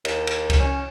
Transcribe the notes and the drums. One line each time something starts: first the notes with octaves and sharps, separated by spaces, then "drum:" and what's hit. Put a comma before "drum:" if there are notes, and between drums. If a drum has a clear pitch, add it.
D#2, drum: cymbal
drum: cymbal
drum: kick C#2, cymbal
C#4